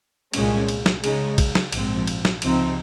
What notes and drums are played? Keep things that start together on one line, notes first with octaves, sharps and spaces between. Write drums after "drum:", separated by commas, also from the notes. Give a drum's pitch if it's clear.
C2 A#2 G#3 C#4, drum: cymbal
drum: cymbal
drum: snare
C#3 G#3 D#4, drum: cymbal
drum: kick, cymbal
drum: snare
A#1 G#2 F3 C4, drum: cymbal
drum: cymbal
drum: snare
C#2 C3 F3 C4 D#4, drum: cymbal